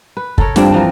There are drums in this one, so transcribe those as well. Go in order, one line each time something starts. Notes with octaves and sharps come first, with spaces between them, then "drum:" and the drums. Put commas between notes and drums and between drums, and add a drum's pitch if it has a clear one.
B4
A4 A#4 C#5, drum: kick
G2 F3 C4 D4, drum: snare
E3 F3 A#4